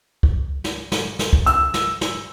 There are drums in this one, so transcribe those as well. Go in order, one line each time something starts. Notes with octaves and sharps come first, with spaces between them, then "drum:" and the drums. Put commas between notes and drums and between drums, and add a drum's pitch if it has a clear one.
drum: kick
drum: snare
drum: snare
drum: snare
drum: kick
E6, drum: hi-hat
drum: snare
drum: snare